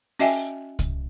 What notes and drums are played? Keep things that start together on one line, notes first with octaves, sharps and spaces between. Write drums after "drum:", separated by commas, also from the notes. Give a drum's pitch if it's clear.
C#4 F#4 D#5 E5 G5 G#5, drum: open hi-hat
drum: kick C2, hi-hat